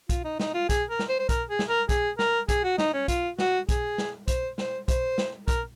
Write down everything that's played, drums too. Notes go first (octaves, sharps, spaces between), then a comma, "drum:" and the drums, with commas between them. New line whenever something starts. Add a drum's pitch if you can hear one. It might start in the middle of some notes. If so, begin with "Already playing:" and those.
F4, drum: kick, hi-hat
D#4
D#4, drum: snare
F4
G#4, drum: kick, hi-hat
A#4
drum: snare
C5
C5
A#4, drum: kick, hi-hat
G#4
drum: snare
A#4
G#4, drum: kick, hi-hat
A#4, drum: snare
G#4, drum: kick, hi-hat
F#4
D#4, drum: snare
C#4
F4, drum: kick, hi-hat
F#4, drum: snare
G#4, drum: kick, hi-hat
drum: snare
C5, drum: kick, hi-hat
C5, drum: snare
C5, drum: kick, hi-hat
drum: snare
A#4, drum: kick, hi-hat